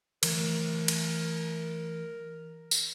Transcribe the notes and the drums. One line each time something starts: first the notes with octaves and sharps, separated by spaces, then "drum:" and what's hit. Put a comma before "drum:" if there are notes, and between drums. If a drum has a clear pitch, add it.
E3 F#3 A3 A#4, drum: cymbal
drum: cymbal
drum: tambourine